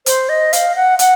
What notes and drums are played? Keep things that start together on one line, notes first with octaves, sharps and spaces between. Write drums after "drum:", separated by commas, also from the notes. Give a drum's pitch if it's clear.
C5, drum: hi-hat
D#5
F5, drum: hi-hat
F#5
F#5, drum: hi-hat